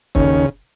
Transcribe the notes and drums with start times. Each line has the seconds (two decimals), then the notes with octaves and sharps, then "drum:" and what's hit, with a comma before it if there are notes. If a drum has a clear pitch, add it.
0.15 D#2 C#3 C#4, drum: kick